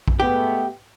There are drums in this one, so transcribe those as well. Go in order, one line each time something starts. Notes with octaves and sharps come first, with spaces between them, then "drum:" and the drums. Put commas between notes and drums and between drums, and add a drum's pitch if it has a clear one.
drum: kick A#1
G#3 A3 B3 G4